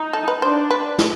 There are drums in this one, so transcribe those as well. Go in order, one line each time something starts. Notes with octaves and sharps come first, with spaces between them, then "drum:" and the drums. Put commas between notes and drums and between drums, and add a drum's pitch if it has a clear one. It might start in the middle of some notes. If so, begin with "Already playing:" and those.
Already playing: D#4
A4
B4
D4 C5
B4
drum: snare